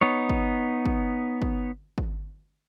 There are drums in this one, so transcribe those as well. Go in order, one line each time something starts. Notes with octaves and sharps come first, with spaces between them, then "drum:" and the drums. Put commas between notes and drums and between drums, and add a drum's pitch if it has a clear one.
B3 D#4 C#5
drum: kick
drum: kick
drum: kick
drum: kick